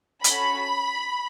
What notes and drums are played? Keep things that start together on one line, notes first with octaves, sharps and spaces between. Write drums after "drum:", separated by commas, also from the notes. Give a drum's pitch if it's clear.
C#4 F#4 A4 B5, drum: hi-hat